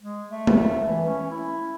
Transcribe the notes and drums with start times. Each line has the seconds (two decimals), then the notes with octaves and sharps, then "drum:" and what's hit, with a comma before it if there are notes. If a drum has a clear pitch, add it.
0.02 G#3
0.30 A3
0.47 drum: tom G#3
0.85 E3
1.07 C#4
1.30 E4